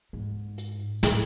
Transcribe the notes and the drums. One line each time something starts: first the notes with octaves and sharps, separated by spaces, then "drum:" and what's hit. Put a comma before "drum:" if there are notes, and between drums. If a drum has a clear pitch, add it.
G#2
drum: hi-hat
A2, drum: snare